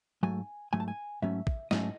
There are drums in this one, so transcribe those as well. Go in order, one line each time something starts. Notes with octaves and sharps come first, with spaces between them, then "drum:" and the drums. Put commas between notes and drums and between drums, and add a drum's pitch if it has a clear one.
G#2 F#3 A3 G#5
G#2 F#3 A3 G#5
A5
G#5
G#2 F#3 A3 C#4 E5
drum: kick
G#2 F#3 A3 C#4 D#5, drum: snare